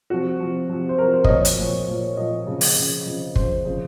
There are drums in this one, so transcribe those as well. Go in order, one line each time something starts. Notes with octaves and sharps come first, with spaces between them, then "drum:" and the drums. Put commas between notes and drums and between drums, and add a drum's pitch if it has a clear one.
C3 F3 F#4
C3 F3
C3 F3
C5
C3 F3 A#4
C5
D#5, drum: kick
A#2 F3 C#5
drum: hi-hat
A#2 F3
A#2 F3
A#2 F3 D#5
C#3 F3
drum: open hi-hat
C#3 F3
C#3 F3
C#3 F3 C5, drum: kick
C#3 F3